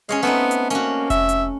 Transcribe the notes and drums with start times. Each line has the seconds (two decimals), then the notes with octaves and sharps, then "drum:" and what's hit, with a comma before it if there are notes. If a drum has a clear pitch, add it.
0.09 G#3 C#4 C#5 F5
0.23 A3 B3 C4 D#4
0.51 drum: hi-hat
0.70 A#3 C#4 F#4, drum: hi-hat
1.10 E5, drum: kick F1, hi-hat
1.29 drum: hi-hat